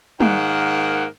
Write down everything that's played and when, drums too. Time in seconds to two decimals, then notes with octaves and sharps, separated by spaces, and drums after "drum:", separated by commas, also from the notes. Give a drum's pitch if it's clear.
0.20 G#2 D#3 A#3 F#5, drum: tom